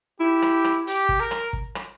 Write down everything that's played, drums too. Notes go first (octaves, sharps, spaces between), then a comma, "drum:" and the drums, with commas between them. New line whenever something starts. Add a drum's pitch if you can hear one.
E4 G4
drum: rim click
drum: rim click
G4, drum: hi-hat
drum: kick
A#4
drum: rim click
drum: kick
drum: rim click